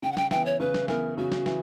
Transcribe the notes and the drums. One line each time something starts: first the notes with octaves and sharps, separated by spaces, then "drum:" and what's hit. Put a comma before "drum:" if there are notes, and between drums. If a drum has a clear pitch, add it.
C#3 G5
F#5
G5, drum: snare
E3 B3 G5, drum: snare
C#5
C#3 B4
drum: snare
E3 B3 A#4, drum: snare
C#3 F#4
drum: snare
E3, drum: snare